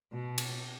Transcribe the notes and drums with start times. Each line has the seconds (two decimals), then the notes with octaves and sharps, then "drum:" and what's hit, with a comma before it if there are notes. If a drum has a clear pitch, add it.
0.11 B2
0.38 drum: cymbal